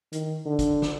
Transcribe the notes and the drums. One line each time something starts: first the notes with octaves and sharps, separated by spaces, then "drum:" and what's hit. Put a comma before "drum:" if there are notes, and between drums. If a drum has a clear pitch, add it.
D#3, drum: hi-hat
D3
drum: kick, hi-hat
drum: snare